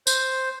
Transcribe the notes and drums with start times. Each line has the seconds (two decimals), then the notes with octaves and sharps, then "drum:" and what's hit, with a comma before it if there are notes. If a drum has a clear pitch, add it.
0.07 C5, drum: tambourine